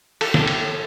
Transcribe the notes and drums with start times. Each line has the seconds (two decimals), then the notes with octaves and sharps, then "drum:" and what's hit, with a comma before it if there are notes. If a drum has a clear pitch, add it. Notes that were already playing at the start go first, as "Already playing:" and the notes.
0.21 A4, drum: cymbal
0.34 drum: snare
0.47 drum: cymbal